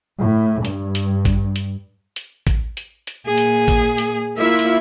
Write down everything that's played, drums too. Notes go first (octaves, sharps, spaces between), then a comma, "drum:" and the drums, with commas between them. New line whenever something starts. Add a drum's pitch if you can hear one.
A2
G2, drum: hi-hat
drum: hi-hat
drum: kick A1, hi-hat
drum: hi-hat
drum: hi-hat
drum: kick A1, hi-hat
drum: hi-hat
drum: hi-hat
A#2 G#4
drum: hi-hat
drum: kick A1, hi-hat
drum: hi-hat
A#3 E4 F4 E5
drum: hi-hat